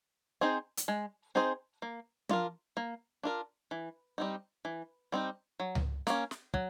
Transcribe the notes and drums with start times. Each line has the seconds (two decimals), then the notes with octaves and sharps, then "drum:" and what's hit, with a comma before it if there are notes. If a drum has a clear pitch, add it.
0.41 C4 D#4 G#4 C5
0.77 drum: hi-hat
0.88 G#3
1.35 C4 D#4 G#4 C5
1.82 A#3
2.29 D4 F4 A#4, drum: tom
2.77 A#3
3.23 D4 F4 A#4
3.71 E3
4.18 G3 C4 D#4
4.65 E3
5.12 G3 C4 D#4
5.60 F#3
5.75 drum: tom C#2
6.07 A#3 C#4, drum: snare
6.31 drum: snare
6.54 F#3, drum: kick